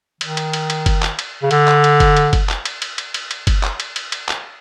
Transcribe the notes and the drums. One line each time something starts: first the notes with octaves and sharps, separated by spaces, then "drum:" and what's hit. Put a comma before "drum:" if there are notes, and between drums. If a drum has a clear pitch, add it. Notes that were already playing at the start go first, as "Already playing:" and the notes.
D#3, drum: cymbal
drum: cymbal
drum: cymbal
drum: cymbal
drum: kick, cymbal
drum: clap
drum: cymbal
C#3
D3, drum: cymbal
drum: clap
drum: cymbal
drum: kick, cymbal
drum: cymbal
drum: kick, cymbal
drum: clap
drum: cymbal
drum: cymbal
drum: cymbal
drum: cymbal
drum: cymbal
drum: kick, cymbal
drum: clap
drum: cymbal
drum: cymbal
drum: cymbal
drum: clap